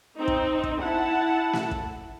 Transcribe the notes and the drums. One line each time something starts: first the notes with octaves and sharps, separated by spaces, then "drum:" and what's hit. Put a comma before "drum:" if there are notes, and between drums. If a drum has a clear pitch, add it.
C4 D#4
drum: kick
drum: kick
E4 F#5 A5
drum: snare
drum: kick